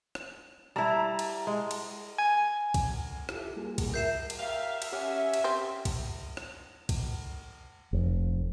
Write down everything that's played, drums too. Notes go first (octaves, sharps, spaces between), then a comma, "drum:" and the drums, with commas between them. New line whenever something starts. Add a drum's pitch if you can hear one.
drum: rim click
G3 E4 A5 A#5
drum: cymbal
G#3
drum: cymbal
G#5
drum: kick B1, cymbal
E4 F4 G4 A4, drum: rim click
G3 A#3 F4 G#4
drum: kick B1, cymbal
A#4 E5 G6 C7 E7
drum: cymbal
G4 A#4 E5 F5
drum: cymbal
C#4 G4 F#5 F6
drum: cymbal
C4 G4
drum: kick B1, cymbal
drum: rim click
drum: kick B1, cymbal
F1